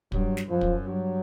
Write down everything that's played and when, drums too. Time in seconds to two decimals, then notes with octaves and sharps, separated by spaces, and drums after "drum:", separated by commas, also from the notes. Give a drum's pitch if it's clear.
0.12 G2 F#3, drum: kick
0.37 drum: snare
0.49 F#2 F3
0.61 drum: kick
0.85 G2 F#3